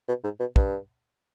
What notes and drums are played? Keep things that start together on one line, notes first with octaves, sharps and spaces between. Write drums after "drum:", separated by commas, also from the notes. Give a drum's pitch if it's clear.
B2
G#2
B2
G2, drum: kick